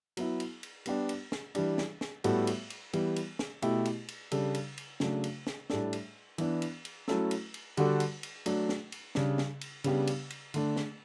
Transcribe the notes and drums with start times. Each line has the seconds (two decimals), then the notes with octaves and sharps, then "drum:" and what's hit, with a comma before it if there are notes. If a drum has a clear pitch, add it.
0.17 F#3 B3 E4, drum: cymbal
0.40 drum: cymbal
0.63 drum: cymbal
0.86 G3 B3 D4 G4, drum: cymbal
1.09 drum: cymbal
1.32 drum: snare
1.55 E3 G3 D4, drum: cymbal
1.78 drum: snare
2.01 drum: snare
2.24 A2 G3 B3 F#4 A4, drum: cymbal
2.47 drum: cymbal
2.70 drum: cymbal
2.93 E3 G3 B3, drum: cymbal
3.16 drum: cymbal
3.39 drum: snare
3.62 B2 A3 E4 G4, drum: cymbal
3.85 drum: cymbal
4.08 drum: cymbal
4.31 C#3 G3 D4 A4, drum: cymbal
4.55 drum: cymbal
4.78 drum: cymbal
5.00 C#3 F#3 A3 D4, drum: snare
5.24 drum: cymbal
5.47 drum: snare
5.70 A2 G3 D4 A4, drum: snare
5.93 drum: cymbal
6.38 E3 B3 D4, drum: cymbal
6.62 drum: cymbal
6.85 drum: cymbal
7.08 F#3 A3 C#4 E4 A4, drum: snare
7.31 drum: cymbal
7.54 drum: cymbal
7.77 D3 G3 D4 F#4 A4, drum: cymbal
8.00 drum: cymbal
8.23 drum: cymbal
8.46 F#3 A3 D4, drum: cymbal
8.69 drum: snare
8.92 drum: cymbal
9.15 C#3 G3 D4, drum: snare
9.38 drum: snare
9.61 drum: cymbal
9.84 C#3 G3 B3 D4 G4, drum: cymbal
10.07 drum: cymbal
10.30 drum: cymbal
10.54 D3 A3 D4, drum: cymbal
10.76 drum: snare